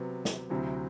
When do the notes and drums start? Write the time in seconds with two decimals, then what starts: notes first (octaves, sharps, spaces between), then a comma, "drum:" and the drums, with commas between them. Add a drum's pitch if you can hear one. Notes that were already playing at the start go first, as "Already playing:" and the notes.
Already playing: C3 F#3 B3
0.25 drum: snare
0.50 D2 C3 F#3 C4 E4